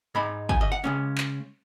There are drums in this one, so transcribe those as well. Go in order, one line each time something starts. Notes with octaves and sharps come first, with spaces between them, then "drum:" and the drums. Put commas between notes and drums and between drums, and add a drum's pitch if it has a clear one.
G#2 G#3 D#4 B5
G#5, drum: kick
D#5
F#5
C#3 G#3 C#4
drum: clap